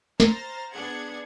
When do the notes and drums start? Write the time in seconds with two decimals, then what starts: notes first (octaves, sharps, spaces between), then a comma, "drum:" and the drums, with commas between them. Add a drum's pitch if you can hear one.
0.20 C5 A#5 F6 A6 A#6, drum: snare
0.72 B3 D4 G#4 F#5 G#6